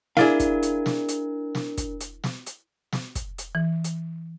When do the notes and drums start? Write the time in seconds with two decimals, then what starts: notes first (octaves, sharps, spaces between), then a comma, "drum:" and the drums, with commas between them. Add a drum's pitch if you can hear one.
0.17 D4 E4 G#4 A#4 D5 F5, drum: snare
0.40 drum: kick, hi-hat
0.63 drum: hi-hat
0.86 drum: snare
1.09 drum: hi-hat
1.55 drum: snare
1.78 drum: kick, hi-hat
2.01 drum: hi-hat
2.24 drum: snare
2.46 drum: hi-hat
2.92 drum: snare
3.15 drum: kick, hi-hat
3.38 drum: hi-hat
3.55 E3
3.84 drum: hi-hat